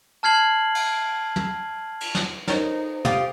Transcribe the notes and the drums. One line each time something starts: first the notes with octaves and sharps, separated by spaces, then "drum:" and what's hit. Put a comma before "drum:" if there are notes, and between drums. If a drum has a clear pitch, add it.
A5 F6 G#6 C7 F#7
drum: cymbal
drum: tom
drum: cymbal
drum: snare
D#4 A4 A#4 C5 C#5, drum: snare
C3 F4 G4 G5 D#6, drum: tom